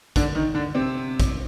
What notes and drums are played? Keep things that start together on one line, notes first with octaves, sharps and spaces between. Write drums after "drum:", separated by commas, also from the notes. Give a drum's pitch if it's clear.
D3 D4, drum: kick, hi-hat
D#3 D#4
D3 D4
C3 C4
drum: kick, hi-hat